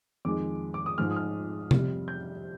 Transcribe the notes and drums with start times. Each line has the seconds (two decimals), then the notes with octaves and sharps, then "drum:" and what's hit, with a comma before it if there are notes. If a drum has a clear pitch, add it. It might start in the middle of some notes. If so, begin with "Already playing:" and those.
0.25 F2 D#3 G#3 D6
0.74 D6
0.86 D#6
0.98 G#2 F3 G#3 F6
1.11 D#6
1.16 F6
1.71 F2 C3 G3, drum: tom C3
2.08 G6